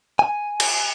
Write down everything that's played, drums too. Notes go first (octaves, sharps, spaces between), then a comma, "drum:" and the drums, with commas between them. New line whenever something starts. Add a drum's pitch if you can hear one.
G#5
drum: cymbal